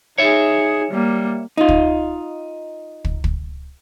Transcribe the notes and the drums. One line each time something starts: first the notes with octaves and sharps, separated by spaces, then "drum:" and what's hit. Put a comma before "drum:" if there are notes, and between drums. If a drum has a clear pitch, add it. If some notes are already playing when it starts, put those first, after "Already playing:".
D#4 G#4 C#5 E5
G3 A#3
D#4 F4
drum: kick
drum: kick
drum: kick